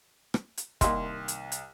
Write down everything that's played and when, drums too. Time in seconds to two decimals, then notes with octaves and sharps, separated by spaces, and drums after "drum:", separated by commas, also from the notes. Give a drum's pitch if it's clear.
0.34 drum: rim click
0.57 drum: hi-hat
0.81 C2 D#3 A#3 C6, drum: kick, hi-hat
1.28 drum: hi-hat
1.52 drum: hi-hat